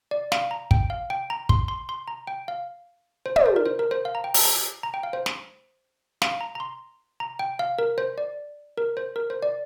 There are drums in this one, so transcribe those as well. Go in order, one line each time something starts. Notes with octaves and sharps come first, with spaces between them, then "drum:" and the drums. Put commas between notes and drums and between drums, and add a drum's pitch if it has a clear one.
D5
F5, drum: snare
A#5
G5, drum: kick
F5
G5
A#5
C6, drum: kick
C6
C6
A#5
G5
F5
C5
D5, drum: tom
C5
A#4
C5
A#4
C5
F5
A#5
G5
A#5, drum: open hi-hat
A#5
A#5
G5
F5
C5
drum: snare
F5, drum: snare
A#5
A#5
C6
A#5
G5
F5
A#4
C5
D5
A#4
C5
A#4
C5
D5